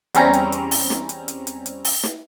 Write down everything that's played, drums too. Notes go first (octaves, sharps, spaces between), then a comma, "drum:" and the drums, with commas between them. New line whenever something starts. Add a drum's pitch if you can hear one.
E2 G3 C4 C#4 A#5, drum: hi-hat
drum: hi-hat
drum: hi-hat
drum: open hi-hat
drum: snare
drum: hi-hat
drum: hi-hat
drum: hi-hat
drum: hi-hat
drum: open hi-hat
drum: snare